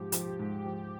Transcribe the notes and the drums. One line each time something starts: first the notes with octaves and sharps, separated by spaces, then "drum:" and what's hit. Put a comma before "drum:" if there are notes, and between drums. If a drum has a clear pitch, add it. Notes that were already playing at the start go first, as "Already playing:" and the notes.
Already playing: G#2 F3 G4
F3, drum: hi-hat
G#2
F3